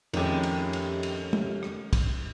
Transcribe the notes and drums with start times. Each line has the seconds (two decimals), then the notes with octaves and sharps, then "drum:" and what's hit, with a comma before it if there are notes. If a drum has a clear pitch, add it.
0.13 F2 A2 D#3 G#3 A3 C#4 G4, drum: cymbal
0.43 drum: cymbal
0.73 drum: cymbal
1.03 drum: cymbal
1.33 drum: tom
1.63 drum: rim click
1.93 drum: kick, cymbal